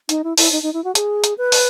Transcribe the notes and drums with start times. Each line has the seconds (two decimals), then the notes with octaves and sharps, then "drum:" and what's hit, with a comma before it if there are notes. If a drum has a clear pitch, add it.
0.09 D#4, drum: hi-hat
0.24 E4
0.38 E4, drum: open hi-hat
0.52 D#4
0.63 D#4
0.73 E4
0.84 F#4
0.95 G#4, drum: hi-hat
1.24 drum: hi-hat
1.38 B4
1.52 drum: open hi-hat